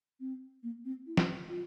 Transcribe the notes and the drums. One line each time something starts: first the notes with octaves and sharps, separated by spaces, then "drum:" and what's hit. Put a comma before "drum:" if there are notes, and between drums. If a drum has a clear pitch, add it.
C4
A#3
C4
E4
drum: snare
F4